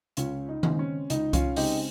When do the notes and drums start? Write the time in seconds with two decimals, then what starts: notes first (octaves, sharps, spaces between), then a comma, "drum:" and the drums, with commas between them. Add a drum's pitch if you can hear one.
0.17 C#2 C#4 F4, drum: hi-hat
0.49 D#4
0.63 C#3 G#3 C4, drum: tom D#3
0.79 C#4
1.10 C#2 D#4, drum: hi-hat
1.33 C#4 F4, drum: kick C2, hi-hat
1.56 C#3 G#3 C4 D#4 G4, drum: open hi-hat